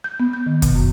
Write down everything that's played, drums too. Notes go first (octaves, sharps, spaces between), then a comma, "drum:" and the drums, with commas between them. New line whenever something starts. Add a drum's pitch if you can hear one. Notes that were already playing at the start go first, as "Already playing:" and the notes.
G6
B3
G6
D#3
B2, drum: kick, hi-hat
F#2